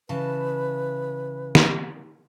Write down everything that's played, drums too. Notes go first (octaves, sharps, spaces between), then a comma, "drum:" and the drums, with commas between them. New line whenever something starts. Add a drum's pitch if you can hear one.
C#3 E3 B4 A5
drum: snare